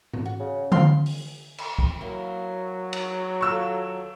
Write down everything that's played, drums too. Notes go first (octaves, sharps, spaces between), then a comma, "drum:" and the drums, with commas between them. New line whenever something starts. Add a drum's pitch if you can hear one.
drum: tom G#2
F#4
C#3
F3 F5 B5 C6, drum: tom D3
drum: open hi-hat
drum: cymbal
drum: kick
F#3 A#3 E4
drum: cymbal
D#2 F4 A4 C#6 E6